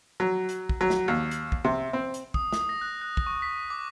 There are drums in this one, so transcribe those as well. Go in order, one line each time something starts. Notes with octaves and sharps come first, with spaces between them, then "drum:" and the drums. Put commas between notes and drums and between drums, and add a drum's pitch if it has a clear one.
F#3
drum: hi-hat
drum: kick
F#3
drum: snare
D#2
drum: hi-hat
drum: kick
C3
C4
drum: hi-hat
D#6, drum: kick
D#6, drum: snare
A#6
F#6
F#6
drum: kick
C#6
B6
D6